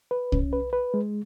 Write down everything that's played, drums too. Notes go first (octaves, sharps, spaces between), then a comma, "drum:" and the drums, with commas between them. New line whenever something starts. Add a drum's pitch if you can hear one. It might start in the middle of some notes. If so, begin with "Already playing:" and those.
B4
C#4, drum: kick C2
B4
B4
G#3